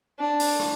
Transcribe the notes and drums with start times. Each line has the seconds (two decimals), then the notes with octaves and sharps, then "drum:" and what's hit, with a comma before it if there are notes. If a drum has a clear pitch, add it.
0.19 D4
0.40 drum: open hi-hat
0.60 drum: rim click